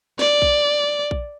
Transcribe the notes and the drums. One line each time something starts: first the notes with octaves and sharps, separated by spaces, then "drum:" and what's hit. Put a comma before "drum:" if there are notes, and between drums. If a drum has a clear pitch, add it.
D5, drum: snare
drum: kick A#1
drum: kick A#1